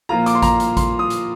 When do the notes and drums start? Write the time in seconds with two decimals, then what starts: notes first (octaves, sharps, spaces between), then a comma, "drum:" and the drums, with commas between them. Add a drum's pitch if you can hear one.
0.09 A#2 F3 A#3 F4 A#5
0.26 D6, drum: hi-hat
0.35 C6
0.42 A#5, drum: kick A1, hi-hat
0.60 drum: hi-hat
0.77 C6, drum: kick A1, hi-hat
0.99 D#6
1.10 drum: hi-hat